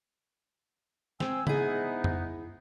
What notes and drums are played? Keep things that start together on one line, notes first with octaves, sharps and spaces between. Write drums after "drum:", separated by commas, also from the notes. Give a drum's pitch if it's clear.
C4 G5 G#5 E6, drum: snare
G#2 B3 D#4 E4 G#4, drum: tom C#3
drum: tom F2